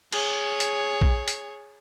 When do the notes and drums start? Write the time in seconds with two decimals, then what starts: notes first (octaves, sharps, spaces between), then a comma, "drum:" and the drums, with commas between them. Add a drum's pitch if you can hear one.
0.12 G#4 C#5, drum: cymbal
0.60 drum: hi-hat
1.01 drum: kick
1.28 drum: hi-hat